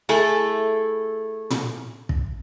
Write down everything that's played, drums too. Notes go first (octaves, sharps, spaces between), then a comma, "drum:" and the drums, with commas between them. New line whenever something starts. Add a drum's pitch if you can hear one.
A3 E4 G#4 A4
drum: tom
drum: kick